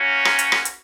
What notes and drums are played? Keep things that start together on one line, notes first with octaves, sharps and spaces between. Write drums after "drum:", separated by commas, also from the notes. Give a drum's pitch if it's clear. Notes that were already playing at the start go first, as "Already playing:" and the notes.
Already playing: A#3 C#4 F#4 C#5
drum: rim click
drum: hi-hat
drum: rim click
drum: hi-hat